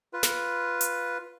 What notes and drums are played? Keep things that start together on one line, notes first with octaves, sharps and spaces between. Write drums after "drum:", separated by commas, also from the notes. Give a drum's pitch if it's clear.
F4 B4
drum: snare
drum: hi-hat